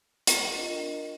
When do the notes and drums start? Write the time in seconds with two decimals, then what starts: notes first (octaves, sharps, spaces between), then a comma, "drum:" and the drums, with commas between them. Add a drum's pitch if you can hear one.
0.27 drum: hi-hat
0.54 D4 F4 A#4 D#5